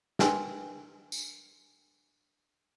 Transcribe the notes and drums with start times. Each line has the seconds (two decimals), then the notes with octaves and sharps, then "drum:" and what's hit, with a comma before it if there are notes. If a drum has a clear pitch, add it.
0.19 D4 A#4 B4 G5 G#5 C6, drum: snare
1.12 drum: tambourine